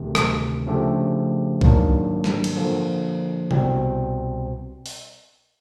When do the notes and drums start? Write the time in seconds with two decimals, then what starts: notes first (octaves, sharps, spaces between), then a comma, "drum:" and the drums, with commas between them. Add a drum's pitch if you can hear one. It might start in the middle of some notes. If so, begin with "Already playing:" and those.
Already playing: D2 C3 D#3
0.15 drum: rim click
0.67 C#3 F3 A3 D4 G4
1.61 G#2 D#3 F#3 A#3 D4, drum: kick
2.24 drum: snare
2.44 drum: cymbal
2.56 D3 F3 A#3
3.51 C2 B2 G3 C4, drum: tom C3
4.86 drum: open hi-hat